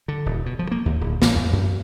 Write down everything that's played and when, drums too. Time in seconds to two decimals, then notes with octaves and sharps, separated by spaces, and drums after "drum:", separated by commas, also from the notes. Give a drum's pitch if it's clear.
0.08 D3
0.26 D#1
0.46 B2
0.59 F3
0.71 A#3
0.86 D#2
1.01 D1
1.22 A1, drum: snare
1.35 E2
1.53 F#2